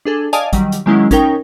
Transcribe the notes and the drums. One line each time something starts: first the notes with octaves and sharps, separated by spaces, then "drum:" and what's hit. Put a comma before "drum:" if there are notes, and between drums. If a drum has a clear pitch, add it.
D4 G#4 A4
D5 D#5 F5 G#5 A5 D#6, drum: hi-hat
D#3 F#3 G3, drum: kick, hi-hat
drum: hi-hat
D#3 F#3 G#3 A#3 C#4 E4
C#4 D#4 A#4 G5, drum: kick, hi-hat